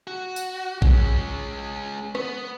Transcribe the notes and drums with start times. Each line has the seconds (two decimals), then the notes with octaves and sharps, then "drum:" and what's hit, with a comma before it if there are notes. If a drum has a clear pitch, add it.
0.07 F#4
0.36 drum: tambourine
0.82 G#3 C#4, drum: kick A#1
2.15 B3, drum: rim click